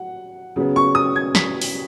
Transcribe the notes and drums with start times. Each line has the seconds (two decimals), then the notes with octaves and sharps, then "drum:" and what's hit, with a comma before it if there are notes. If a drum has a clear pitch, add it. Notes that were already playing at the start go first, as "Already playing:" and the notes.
Already playing: F#3 F#5
0.56 C#3 F#3 B3
0.76 C#6
0.95 D#6
1.16 G#6
1.35 B6, drum: snare
1.62 drum: open hi-hat